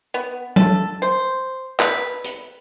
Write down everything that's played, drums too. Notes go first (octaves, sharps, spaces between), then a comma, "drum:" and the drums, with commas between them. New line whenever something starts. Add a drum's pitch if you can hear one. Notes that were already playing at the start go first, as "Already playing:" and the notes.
B3
A4, drum: tom F#3
C5
B4, drum: clap
drum: hi-hat